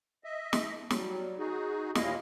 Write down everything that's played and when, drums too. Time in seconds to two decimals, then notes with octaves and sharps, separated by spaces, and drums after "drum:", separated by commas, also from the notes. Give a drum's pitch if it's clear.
0.24 D#5 E5
0.53 drum: snare
0.90 F#3 G3, drum: snare
1.38 D#4 F#4 G#4
1.95 D#2 A#2 E4 D#5 F5, drum: snare